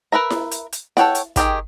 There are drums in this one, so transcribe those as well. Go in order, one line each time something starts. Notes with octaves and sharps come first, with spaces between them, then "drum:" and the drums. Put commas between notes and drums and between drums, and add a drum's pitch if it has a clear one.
A#4 B4 E5 A#5
drum: snare E4
drum: hi-hat
drum: hi-hat
A4 C#5 F#5 G5, drum: snare E4
drum: hi-hat
D#3 E3 G4 G#4, drum: kick, hi-hat